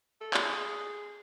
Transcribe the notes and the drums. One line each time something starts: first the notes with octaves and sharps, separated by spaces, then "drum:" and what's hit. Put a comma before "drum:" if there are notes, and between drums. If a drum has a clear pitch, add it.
A4
G#4, drum: clap